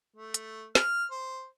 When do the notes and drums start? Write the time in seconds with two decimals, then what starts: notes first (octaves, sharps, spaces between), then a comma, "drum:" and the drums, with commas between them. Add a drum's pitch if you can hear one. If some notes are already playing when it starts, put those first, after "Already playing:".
0.17 A3
0.34 drum: hi-hat
0.75 F6, drum: snare
1.11 C5